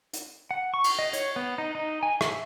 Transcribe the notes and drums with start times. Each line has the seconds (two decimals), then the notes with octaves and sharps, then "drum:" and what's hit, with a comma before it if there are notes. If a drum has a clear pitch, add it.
0.13 drum: hi-hat
0.51 F#5
0.74 C#6
0.84 drum: cymbal
0.99 D#5
1.13 C#5, drum: hi-hat
1.36 B3
1.58 D#4
1.75 D#4
2.03 G#5
2.21 E5, drum: rim click